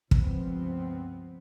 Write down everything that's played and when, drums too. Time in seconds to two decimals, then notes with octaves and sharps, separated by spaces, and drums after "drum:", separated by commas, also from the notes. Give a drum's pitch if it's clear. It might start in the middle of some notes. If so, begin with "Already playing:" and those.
0.11 C#2 G2 F3 B3 C4, drum: kick